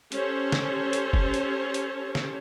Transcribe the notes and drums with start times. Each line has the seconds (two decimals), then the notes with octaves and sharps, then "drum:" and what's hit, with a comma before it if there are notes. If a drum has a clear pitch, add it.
0.12 C#4 G4 A4 C5 C#5, drum: hi-hat
0.52 drum: snare
0.93 drum: hi-hat
1.13 drum: kick
1.34 drum: hi-hat
1.74 drum: hi-hat
2.15 drum: snare